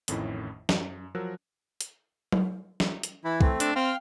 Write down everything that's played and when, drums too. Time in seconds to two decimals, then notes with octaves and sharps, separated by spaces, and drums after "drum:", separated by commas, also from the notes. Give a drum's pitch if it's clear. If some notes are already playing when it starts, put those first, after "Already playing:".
0.08 A1 F2 A2 D#3 C#4 E4, drum: hi-hat
0.69 F#2, drum: snare
1.15 F3 F#3 A#4 E6 F#6
1.81 drum: hi-hat
2.32 drum: tom F#3
2.80 drum: snare
3.03 drum: hi-hat
3.24 E3 E4 B5
3.41 A3 C4, drum: kick C2
3.60 D4, drum: hi-hat
3.76 C4 F5 G5 F6